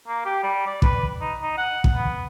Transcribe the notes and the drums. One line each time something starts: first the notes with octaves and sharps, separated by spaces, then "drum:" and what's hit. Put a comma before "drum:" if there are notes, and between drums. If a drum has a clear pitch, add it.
A#3
G4
G3
D5
B4, drum: kick
D#4
D#4
F#5
drum: kick
B3